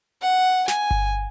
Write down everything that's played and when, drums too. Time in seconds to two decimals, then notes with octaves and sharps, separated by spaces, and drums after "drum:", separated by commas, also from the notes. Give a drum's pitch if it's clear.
0.22 F#5
0.68 G#5, drum: snare
0.91 drum: kick G1